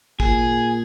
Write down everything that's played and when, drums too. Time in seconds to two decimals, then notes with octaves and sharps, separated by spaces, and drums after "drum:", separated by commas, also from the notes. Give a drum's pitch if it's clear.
0.20 A#2 G#4, drum: kick